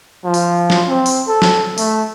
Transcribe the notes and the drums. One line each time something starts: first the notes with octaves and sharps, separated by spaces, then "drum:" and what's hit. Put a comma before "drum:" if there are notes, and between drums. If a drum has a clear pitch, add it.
F3
drum: open hi-hat
drum: snare
C4
drum: open hi-hat
A4
drum: snare
A3, drum: open hi-hat